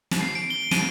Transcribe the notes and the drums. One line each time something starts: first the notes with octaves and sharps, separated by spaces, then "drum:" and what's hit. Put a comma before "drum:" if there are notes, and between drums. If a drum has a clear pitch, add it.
drum: snare
C7
D7
G7
D#7, drum: snare